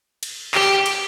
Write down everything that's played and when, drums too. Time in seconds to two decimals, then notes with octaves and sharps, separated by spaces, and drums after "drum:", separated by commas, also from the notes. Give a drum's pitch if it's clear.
0.23 drum: cymbal
0.55 G4, drum: clap
0.86 drum: cymbal